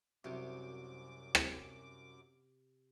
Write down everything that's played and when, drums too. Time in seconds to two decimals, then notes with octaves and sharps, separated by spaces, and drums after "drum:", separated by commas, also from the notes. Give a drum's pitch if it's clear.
0.24 C2 F#2 C3 F#3 C4 D6
1.35 drum: rim click